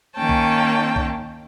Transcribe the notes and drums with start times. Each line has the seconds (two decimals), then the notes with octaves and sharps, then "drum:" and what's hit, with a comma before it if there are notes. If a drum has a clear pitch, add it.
0.16 D#3 A#3 C#4 G5 A5
0.29 drum: kick B1
0.96 drum: kick B1